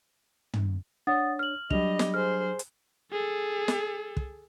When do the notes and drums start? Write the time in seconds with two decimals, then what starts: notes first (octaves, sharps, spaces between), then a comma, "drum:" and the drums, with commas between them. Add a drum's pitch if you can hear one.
0.54 drum: tom
1.07 D4 C#5 F#5 D#6 A6
1.39 F6 F#7
1.70 F#3 G3 D4 D#5 F7, drum: kick
1.99 drum: snare
2.14 G#4 C5 F6
2.59 drum: hi-hat
3.12 G#4 A4
3.68 drum: snare
4.17 drum: kick